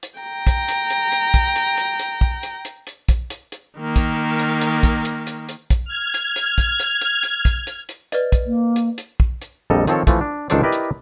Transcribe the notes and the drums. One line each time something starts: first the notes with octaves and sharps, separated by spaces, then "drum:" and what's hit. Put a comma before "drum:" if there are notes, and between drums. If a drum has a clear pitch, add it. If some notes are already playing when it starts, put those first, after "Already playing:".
drum: hi-hat
G5 A#5
drum: kick, hi-hat
drum: hi-hat
drum: hi-hat
drum: hi-hat
drum: kick, hi-hat
drum: hi-hat
drum: hi-hat
drum: hi-hat
drum: kick
drum: hi-hat
drum: hi-hat
drum: hi-hat
drum: kick, hi-hat
drum: hi-hat
drum: hi-hat
D#3 A#3
drum: kick, hi-hat
drum: hi-hat
drum: hi-hat
drum: kick, hi-hat
drum: hi-hat
drum: hi-hat
drum: hi-hat
drum: kick, hi-hat
F6 G#6
drum: hi-hat
drum: hi-hat
drum: kick, hi-hat
drum: hi-hat
drum: hi-hat
drum: hi-hat
drum: kick, hi-hat
drum: hi-hat
drum: hi-hat
B4 D5 D#5, drum: hi-hat
drum: kick, hi-hat
A#3
drum: hi-hat
drum: hi-hat
drum: kick
drum: hi-hat
A#1 F2 G3 A4 D#5 A#5
D#3 F3 C4 A4 C#5, drum: hi-hat
E3 F3 A3, drum: kick, hi-hat
D4
C#2 D#3 D4 A4 C5 D5, drum: hi-hat
E4 G4 A#4 B4 D5 D#5
drum: hi-hat